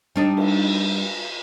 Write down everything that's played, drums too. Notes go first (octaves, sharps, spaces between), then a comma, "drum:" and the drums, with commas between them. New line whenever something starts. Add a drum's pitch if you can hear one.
G3 D4 D#4
drum: cymbal